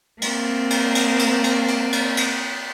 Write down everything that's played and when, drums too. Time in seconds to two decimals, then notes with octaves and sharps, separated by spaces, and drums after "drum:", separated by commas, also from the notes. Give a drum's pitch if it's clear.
0.22 A#3 C4, drum: cymbal
0.70 drum: cymbal
0.95 drum: cymbal
1.19 drum: cymbal
1.44 drum: cymbal
1.68 drum: cymbal
1.93 drum: cymbal
2.17 drum: cymbal